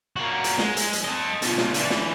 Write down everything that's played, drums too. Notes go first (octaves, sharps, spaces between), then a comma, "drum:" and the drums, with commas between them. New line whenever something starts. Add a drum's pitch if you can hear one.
A#3 F#4
drum: hi-hat
G#3, drum: snare
drum: hi-hat
drum: hi-hat
A4 D#5
B2 F4, drum: hi-hat
drum: snare
D3 E3, drum: hi-hat
drum: snare